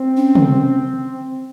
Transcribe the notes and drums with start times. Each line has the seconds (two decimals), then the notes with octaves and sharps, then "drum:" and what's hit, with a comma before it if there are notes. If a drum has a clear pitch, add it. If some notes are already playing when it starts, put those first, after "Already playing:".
Already playing: C4
0.17 C#4
0.35 drum: tom